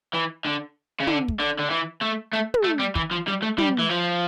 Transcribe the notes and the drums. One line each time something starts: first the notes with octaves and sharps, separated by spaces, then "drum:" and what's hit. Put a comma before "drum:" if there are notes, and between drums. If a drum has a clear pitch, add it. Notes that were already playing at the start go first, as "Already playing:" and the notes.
E3
D3
C#3
D3, drum: tom
drum: kick
D3
D3
E3
A3
A3
drum: tom
A3
G3
E3, drum: kick
F3
G3
A3
G3, drum: tom
E3
F3